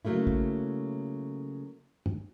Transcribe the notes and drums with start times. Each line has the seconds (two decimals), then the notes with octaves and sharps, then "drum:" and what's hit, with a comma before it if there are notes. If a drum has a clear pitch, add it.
0.05 C#3 F#3 A3 A#3 E4
0.27 drum: kick
2.06 drum: tom